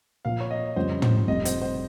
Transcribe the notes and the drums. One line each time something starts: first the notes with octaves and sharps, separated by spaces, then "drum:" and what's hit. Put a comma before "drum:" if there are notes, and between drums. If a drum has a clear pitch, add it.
A#2 F3 A#3 F5
C#5
D#5
F2 C#3 G3 C4 F4 C5
C5, drum: tom
F1 F2 C3 G3 D#5
C5, drum: hi-hat
C5